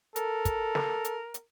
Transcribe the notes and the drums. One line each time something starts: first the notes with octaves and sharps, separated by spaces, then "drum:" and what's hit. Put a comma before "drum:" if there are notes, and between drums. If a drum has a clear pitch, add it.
A4 A#4, drum: hi-hat
drum: kick, hi-hat
drum: snare
drum: hi-hat
drum: hi-hat